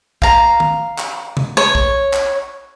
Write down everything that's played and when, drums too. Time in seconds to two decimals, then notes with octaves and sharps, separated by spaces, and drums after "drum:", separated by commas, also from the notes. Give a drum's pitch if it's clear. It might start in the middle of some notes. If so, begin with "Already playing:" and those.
0.22 F5 A#5, drum: kick
0.60 drum: tom D#3
0.98 drum: clap
1.37 drum: tom C3
1.57 C#5
1.75 drum: kick
2.13 drum: clap